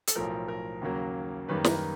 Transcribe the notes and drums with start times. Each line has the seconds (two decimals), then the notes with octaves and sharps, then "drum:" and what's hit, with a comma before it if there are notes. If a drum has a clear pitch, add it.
0.08 A4, drum: hi-hat
0.15 B1 A2 F3 A#4
0.48 A#4
0.81 D#2 C#3 F#3 A#3
1.48 F#2 D#3 G3 A#3 B4
1.57 A#4
1.64 B4, drum: snare